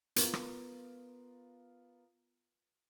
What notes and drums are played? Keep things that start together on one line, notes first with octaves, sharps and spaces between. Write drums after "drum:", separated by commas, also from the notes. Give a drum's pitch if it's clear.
B3 F4 A#4, drum: hi-hat
drum: rim click